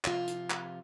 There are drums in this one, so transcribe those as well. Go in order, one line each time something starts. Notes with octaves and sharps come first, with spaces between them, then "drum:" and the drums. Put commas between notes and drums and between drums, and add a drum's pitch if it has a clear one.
C3 F3 F4, drum: clap
drum: hi-hat
drum: clap